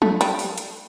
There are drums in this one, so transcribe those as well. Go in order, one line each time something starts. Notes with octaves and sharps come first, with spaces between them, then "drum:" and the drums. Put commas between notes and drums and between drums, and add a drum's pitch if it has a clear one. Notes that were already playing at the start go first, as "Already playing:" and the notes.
A3, drum: tom
G3, drum: hi-hat
drum: open hi-hat
drum: hi-hat